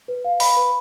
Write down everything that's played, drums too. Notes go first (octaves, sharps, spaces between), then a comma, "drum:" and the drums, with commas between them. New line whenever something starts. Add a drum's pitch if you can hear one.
B4
F5
B5, drum: open hi-hat
B4